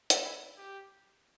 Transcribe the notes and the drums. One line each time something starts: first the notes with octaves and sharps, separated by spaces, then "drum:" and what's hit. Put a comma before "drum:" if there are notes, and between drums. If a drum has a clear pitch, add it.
drum: hi-hat
E4
G4